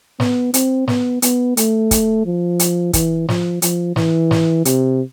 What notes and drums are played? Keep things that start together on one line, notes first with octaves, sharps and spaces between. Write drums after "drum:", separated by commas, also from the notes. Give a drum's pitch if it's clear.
B3, drum: snare
C4, drum: hi-hat
B3, drum: snare
B3, drum: hi-hat
A3, drum: hi-hat
drum: kick, hi-hat
F3
drum: hi-hat
E3, drum: kick, hi-hat
F3, drum: snare
F3, drum: hi-hat
E3, drum: snare
drum: snare
C3, drum: hi-hat